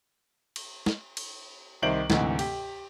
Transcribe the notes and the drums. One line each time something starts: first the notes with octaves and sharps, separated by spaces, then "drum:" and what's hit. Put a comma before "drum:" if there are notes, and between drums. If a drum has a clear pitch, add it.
drum: cymbal
drum: snare
drum: cymbal
C2 D#3 C5 E5 D7 F#7
D2 G#2 C3 E3, drum: snare
G4, drum: cymbal